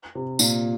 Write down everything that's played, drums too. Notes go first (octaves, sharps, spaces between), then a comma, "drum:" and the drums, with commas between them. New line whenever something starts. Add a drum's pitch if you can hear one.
C3
A#2, drum: tambourine